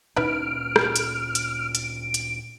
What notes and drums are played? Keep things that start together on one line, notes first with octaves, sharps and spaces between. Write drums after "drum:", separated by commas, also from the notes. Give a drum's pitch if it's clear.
D2 A#2 C#4 D#4 E4 B4 F6 D7
drum: rim click
drum: hi-hat
drum: hi-hat
drum: hi-hat
drum: hi-hat